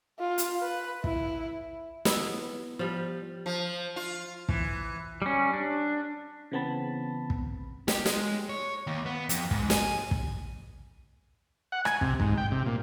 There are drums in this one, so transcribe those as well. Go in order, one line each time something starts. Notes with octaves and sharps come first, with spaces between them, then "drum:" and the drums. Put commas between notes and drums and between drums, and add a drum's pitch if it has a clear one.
F4
drum: hi-hat
B4
E4, drum: kick
B3 E4, drum: snare
F3 G3
F3
F4
E3, drum: kick
G3 C#4
D4
C#3 E3 B3 C4 A5 B5
drum: kick
G4, drum: snare
G#3, drum: snare
C#5
D#2
B3
F2, drum: hi-hat
G#2, drum: kick
G#5, drum: snare
drum: kick
F#5
G#5, drum: rim click
C3, drum: kick
G#2, drum: kick
G5
C3
A#2